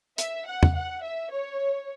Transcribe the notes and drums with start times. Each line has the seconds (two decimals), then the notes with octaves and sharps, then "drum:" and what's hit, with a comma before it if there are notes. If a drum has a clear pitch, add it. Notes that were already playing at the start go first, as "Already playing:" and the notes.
0.18 E5, drum: hi-hat
0.47 F#5
0.63 drum: tom
0.75 F#5
1.03 E5
1.31 C#5